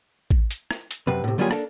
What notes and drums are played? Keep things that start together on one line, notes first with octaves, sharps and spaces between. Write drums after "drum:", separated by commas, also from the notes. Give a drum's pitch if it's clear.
drum: kick A1
drum: hi-hat
drum: rim click
drum: hi-hat
F#2 C3 B4
A2 C3
D3 F#3 G3 A#3 F4 G#4
A#3 D4 A4, drum: rim click